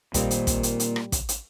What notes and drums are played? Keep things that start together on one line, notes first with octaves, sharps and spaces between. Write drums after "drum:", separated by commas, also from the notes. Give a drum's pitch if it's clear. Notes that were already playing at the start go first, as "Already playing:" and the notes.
A#2 D#3 G3 A#3 C4, drum: kick, hi-hat
drum: hi-hat
drum: kick, hi-hat
drum: hi-hat
drum: hi-hat
drum: rim click
drum: kick, hi-hat
drum: hi-hat